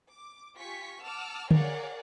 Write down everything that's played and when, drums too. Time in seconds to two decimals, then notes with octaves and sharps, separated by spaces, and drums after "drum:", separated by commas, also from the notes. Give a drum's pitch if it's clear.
0.12 D6
0.57 F4 G4 G#5 C#6 B6
1.02 F#5 A5 D6 E6 F6
1.51 G#4 A#4 C#5 D5 F5 F#5, drum: tom D3